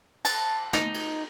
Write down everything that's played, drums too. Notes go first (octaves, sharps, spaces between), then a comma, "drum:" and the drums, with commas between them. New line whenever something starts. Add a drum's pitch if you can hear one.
A5, drum: cymbal
D#4, drum: snare
drum: cymbal